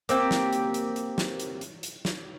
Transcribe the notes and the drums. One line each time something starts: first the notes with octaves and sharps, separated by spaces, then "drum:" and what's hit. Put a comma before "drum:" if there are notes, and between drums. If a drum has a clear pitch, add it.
A#3 C4 G4, drum: hi-hat
drum: snare
drum: hi-hat
drum: hi-hat
drum: hi-hat
drum: snare
drum: hi-hat
drum: hi-hat
drum: hi-hat
drum: snare